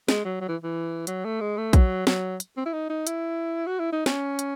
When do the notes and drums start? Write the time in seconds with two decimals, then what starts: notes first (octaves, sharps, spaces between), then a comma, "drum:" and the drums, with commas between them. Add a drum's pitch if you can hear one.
0.08 G#3, drum: snare
0.25 F#3
0.41 F#3
0.48 E3
0.64 E3
1.07 F#3, drum: hi-hat
1.25 A3
1.40 G#3
1.57 A3
1.73 F#3, drum: kick, hi-hat
2.07 F#3, drum: snare
2.40 drum: hi-hat
2.57 C4
2.66 E4
2.73 D#4
2.90 D#4
3.07 E4, drum: hi-hat
3.67 F#4
3.79 E4
3.92 D#4
4.06 C#4, drum: snare
4.39 drum: hi-hat